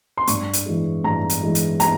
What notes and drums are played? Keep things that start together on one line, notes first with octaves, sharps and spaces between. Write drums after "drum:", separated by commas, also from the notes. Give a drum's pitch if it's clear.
C6
G2 C#6, drum: hi-hat
drum: hi-hat
E3 G#3
G2 A#5
drum: hi-hat
E3 G#3
drum: hi-hat
A#5, drum: hi-hat